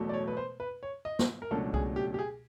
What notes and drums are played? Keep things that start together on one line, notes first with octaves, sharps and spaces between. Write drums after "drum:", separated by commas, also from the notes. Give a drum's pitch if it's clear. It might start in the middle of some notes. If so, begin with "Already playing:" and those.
Already playing: E1 E2 B2 F#3 A3
D5
C#5
B4
C5
B4
C#5
D#5
drum: snare
A#4
C#2 B2 F#3 A3 D4 A4
G#4, drum: kick C2
G4
G4
G#4